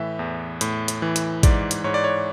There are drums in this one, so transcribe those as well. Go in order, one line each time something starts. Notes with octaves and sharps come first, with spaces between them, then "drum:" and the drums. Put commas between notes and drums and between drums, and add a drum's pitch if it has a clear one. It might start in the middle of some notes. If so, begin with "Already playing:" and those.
Already playing: A2 E3 E5
E2
A2, drum: hi-hat
drum: hi-hat
E3
drum: hi-hat
G#2 D5, drum: kick A1, hi-hat
drum: hi-hat
G#2 C#5
D5
C#5